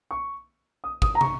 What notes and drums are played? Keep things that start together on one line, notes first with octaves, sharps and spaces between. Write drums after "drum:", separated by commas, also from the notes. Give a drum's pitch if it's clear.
C#6
D#6
D#6, drum: kick
A#5
C#6, drum: tom